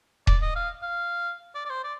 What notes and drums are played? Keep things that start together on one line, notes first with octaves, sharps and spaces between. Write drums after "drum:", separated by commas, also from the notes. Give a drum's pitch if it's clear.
D5, drum: kick D#1
D#5
F5
F5
D5
D5
C5
D5